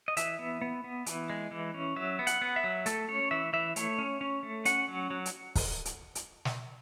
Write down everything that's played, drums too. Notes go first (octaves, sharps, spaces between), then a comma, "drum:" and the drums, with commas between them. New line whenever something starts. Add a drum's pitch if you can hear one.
D#5
E3 E5, drum: hi-hat
B3
B3
B3
E3, drum: hi-hat
G#3
E3
C#4
F#3 E5
B3
F#5, drum: hi-hat
B3
E5
F#3
A3 A4, drum: hi-hat
C#4 C#5
E3 E5
E3 E5
A3 C#5, drum: hi-hat
C#4
C#4
A3
C#4 F#5, drum: hi-hat
F#3
F#3
drum: hi-hat
drum: kick, open hi-hat
drum: hi-hat
drum: hi-hat
drum: snare